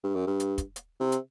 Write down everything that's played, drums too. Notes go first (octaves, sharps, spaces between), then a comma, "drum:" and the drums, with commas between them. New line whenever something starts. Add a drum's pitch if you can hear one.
G2
F#2
G2
drum: hi-hat
drum: kick, hi-hat
drum: hi-hat
C3
drum: hi-hat